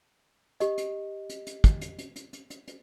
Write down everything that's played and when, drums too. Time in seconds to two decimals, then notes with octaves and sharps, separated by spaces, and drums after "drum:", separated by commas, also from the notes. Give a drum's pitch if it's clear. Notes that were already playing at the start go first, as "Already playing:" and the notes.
0.60 G4 D#5, drum: hi-hat
0.78 drum: hi-hat
1.29 drum: hi-hat
1.47 drum: hi-hat
1.64 drum: kick, hi-hat
1.81 drum: hi-hat
1.98 drum: hi-hat
2.16 drum: hi-hat
2.33 drum: hi-hat
2.50 drum: hi-hat
2.68 drum: hi-hat